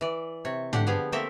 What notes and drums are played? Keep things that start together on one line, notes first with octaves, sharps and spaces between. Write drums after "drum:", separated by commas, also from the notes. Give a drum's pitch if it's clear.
E3 D5
C3 C#5
D3 D4 G4 F#5, drum: tom
F3 B3 G4 G#4 F5
A3 A#3 C4 A4 A#4 E5